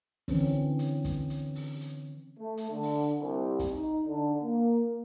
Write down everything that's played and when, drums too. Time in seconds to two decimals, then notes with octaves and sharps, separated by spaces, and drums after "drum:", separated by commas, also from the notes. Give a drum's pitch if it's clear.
0.28 D3 E3 C4 C#4, drum: kick, open hi-hat
0.79 drum: hi-hat
1.04 drum: kick, hi-hat
1.30 drum: hi-hat
1.55 drum: open hi-hat
1.81 drum: hi-hat
2.38 A3
2.57 drum: hi-hat
2.71 D3
2.83 drum: open hi-hat
3.18 C2
3.59 drum: kick, hi-hat
3.70 D#4
4.06 D3
4.43 A#3